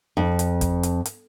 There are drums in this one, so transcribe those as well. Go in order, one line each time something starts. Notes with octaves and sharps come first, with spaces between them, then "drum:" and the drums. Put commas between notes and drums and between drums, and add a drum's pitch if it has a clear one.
F2
drum: hi-hat
drum: kick, hi-hat
drum: hi-hat
drum: hi-hat